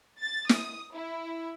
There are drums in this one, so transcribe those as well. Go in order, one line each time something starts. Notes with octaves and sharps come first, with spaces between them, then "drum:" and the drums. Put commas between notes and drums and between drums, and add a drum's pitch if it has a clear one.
A6
D#6, drum: snare
E4